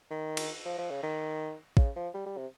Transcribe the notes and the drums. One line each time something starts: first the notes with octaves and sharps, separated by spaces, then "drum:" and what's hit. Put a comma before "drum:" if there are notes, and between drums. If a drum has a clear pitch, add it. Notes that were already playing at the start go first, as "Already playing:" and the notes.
D#3
drum: cymbal
F3
F3
C#3
D#3
C#3, drum: kick
F3
G3
G3
C3